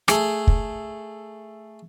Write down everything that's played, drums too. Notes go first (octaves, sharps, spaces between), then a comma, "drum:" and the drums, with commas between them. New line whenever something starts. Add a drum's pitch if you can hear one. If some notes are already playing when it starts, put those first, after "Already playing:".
A3 G#4, drum: rim click
drum: kick